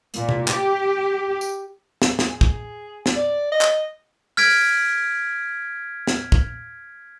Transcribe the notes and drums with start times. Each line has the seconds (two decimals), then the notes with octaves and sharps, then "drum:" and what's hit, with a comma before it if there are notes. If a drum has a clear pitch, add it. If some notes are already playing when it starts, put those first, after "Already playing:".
0.14 A#2, drum: hi-hat
0.29 drum: tom C3
0.48 G4, drum: clap
1.41 drum: tambourine
2.02 drum: snare
2.19 drum: snare
2.28 G#4
2.41 drum: kick A#1
3.06 drum: snare
3.16 D5
3.52 D#5
3.61 drum: clap
4.37 F6 G#6 B6 D7, drum: open hi-hat
6.07 drum: snare
6.32 drum: kick A#1